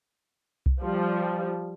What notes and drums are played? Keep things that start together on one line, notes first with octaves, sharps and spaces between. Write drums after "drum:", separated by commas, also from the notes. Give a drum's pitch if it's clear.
drum: kick C2
F3 G3